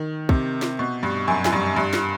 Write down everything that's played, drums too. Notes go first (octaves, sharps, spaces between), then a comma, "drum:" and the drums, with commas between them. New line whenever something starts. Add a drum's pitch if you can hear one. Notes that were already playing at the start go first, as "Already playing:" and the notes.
Already playing: D#3
C3, drum: kick
drum: snare
B2
G2
F#2
F#2, drum: snare
G2
G2
drum: snare